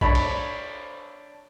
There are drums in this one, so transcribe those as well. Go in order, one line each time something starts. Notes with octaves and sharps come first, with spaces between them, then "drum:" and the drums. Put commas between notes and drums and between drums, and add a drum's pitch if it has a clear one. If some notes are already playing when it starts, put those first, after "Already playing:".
D4 C#5 B5, drum: kick
drum: cymbal